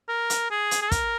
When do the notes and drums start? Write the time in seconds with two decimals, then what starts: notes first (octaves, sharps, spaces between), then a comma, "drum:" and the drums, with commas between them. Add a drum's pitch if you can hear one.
0.08 A#4
0.30 drum: hi-hat
0.51 G#4
0.71 drum: hi-hat
0.82 G#4
0.91 A#4, drum: kick, hi-hat